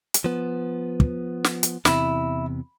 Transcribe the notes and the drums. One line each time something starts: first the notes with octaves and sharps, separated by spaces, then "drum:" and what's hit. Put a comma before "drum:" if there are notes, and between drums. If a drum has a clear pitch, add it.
drum: hi-hat
F3 B3
drum: kick
drum: snare
drum: hi-hat
E2 C3 E4, drum: snare